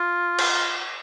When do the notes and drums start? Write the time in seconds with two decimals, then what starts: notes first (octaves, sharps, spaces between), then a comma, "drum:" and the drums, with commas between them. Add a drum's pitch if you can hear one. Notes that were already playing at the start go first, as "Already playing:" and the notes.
Already playing: F4
0.39 drum: cymbal